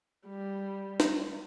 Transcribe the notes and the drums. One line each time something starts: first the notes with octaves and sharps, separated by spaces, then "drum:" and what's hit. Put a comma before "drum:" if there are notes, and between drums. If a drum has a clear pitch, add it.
G3
drum: snare